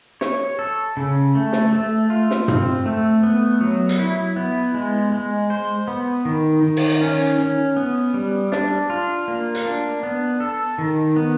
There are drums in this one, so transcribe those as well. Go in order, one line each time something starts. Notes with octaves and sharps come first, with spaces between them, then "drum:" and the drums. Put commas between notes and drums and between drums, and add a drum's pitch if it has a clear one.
C#5, drum: snare
A4
C#3
A3
drum: snare
A3
F4
drum: snare
C4, drum: tom
A3
B3
F#3
drum: hi-hat
E4
B3
G#3
G#3
C5
B3
D#3
D#3
drum: open hi-hat
C#4
C#4
B3
G3
D4, drum: snare
F4
A#3
drum: hi-hat
D4
B3
A4
D#3
B3